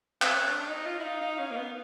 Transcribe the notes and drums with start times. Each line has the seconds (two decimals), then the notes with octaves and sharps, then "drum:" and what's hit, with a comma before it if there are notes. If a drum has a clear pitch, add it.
0.22 C4, drum: clap
0.32 C#4 C#5
0.51 D4
0.69 D#4 D#5
0.86 F4
1.00 E4
1.04 D#4 F5
1.21 D#4
1.39 C#4
1.51 A#3
1.56 B3